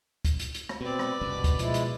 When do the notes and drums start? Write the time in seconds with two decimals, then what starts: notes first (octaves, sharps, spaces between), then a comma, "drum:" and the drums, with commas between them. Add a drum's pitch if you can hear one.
0.25 drum: kick D2, hi-hat
0.39 drum: hi-hat
0.54 drum: hi-hat
0.69 drum: rim click
0.81 B2 C4 B4 D5
0.99 drum: rim click
1.21 F#1 C2 F#2 B2
1.44 drum: kick D2, hi-hat
1.59 B2 F3 G#3 E4, drum: hi-hat
1.74 drum: hi-hat